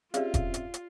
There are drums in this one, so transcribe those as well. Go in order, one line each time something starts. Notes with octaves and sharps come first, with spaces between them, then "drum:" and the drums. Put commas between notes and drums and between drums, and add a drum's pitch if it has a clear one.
C4 C#4 F4 G4 G#4 D5 E5 F5, drum: hi-hat
drum: kick E1, hi-hat
drum: hi-hat
drum: hi-hat